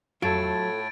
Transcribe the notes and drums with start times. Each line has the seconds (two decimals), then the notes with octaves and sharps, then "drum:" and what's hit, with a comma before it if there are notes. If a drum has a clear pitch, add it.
0.22 A2 F#3 A3 F4 A4 G#6 A6 D7, drum: tom